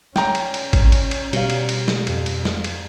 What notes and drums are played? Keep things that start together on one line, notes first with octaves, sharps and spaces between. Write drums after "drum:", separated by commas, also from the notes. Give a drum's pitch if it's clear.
C#4 G5 A#5, drum: snare
drum: cymbal
drum: cymbal
drum: kick G#1, cymbal
drum: cymbal
drum: cymbal
B2 G3 F5, drum: cymbal
drum: cymbal
drum: cymbal
drum: snare
F2, drum: cymbal
drum: cymbal
drum: snare
drum: cymbal